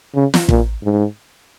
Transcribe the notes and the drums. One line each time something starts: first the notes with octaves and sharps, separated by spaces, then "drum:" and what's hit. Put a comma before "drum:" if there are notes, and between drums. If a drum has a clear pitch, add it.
C#3
drum: snare
A#2, drum: kick
G#2